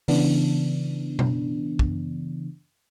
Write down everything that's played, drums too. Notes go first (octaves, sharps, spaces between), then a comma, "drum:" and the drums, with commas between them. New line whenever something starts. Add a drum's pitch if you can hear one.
C#3 E3 B3 D4, drum: open hi-hat
drum: tom B2
drum: kick